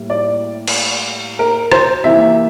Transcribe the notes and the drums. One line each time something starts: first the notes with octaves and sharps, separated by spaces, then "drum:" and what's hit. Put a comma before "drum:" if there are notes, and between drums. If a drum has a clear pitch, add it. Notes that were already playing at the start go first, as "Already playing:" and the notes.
Already playing: A2 G3 A#3
D5
drum: cymbal
A#4
C5, drum: rim click
C3 E3 A#3 E5